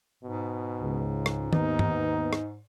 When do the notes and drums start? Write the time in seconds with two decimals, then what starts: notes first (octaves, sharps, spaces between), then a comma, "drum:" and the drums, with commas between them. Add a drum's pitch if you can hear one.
0.23 G#2 B2
0.81 C#2
1.26 drum: rim click
1.53 D#2 B3 D#4, drum: tom
1.79 drum: tom
2.33 drum: rim click